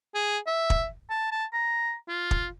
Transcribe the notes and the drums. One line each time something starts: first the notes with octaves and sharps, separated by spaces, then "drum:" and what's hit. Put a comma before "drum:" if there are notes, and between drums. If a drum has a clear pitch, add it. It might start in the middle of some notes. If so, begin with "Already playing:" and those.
G#4
E5
drum: kick
A5
A5
A#5
F4
drum: kick